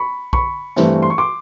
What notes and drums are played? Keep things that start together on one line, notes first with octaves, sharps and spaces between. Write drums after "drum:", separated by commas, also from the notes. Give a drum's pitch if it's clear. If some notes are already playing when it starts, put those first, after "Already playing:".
Already playing: B5 C#6
B5 C#6, drum: kick A#1
G2 E3 A3 C4, drum: snare
C6
C#6
C6 D6